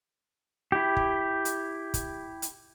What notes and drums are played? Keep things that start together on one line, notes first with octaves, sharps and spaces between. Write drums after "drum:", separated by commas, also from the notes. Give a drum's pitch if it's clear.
E4 G4
drum: kick
drum: hi-hat
drum: kick, hi-hat
drum: hi-hat